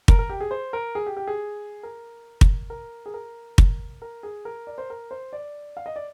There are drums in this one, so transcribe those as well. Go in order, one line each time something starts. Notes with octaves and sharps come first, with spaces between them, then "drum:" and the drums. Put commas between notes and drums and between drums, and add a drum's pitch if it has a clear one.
A#4, drum: kick
A#4
G4
G#4
C5
A#4
G#4
G4
G4
G#4
A#4
drum: kick
A#4
G#4
A#4
drum: kick
A#4
G#4
A#4
D5
C5
A#4
C5
D5
F5
D#5
D5